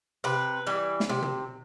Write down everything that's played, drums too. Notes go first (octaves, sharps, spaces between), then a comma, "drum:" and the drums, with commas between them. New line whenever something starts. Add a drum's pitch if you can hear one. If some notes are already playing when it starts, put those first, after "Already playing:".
C3 B4
E3 G3
drum: snare
C3
drum: tom